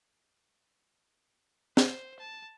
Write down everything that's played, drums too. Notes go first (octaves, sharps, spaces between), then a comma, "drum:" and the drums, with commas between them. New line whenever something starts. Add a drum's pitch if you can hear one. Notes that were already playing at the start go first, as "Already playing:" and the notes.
C5, drum: snare
A5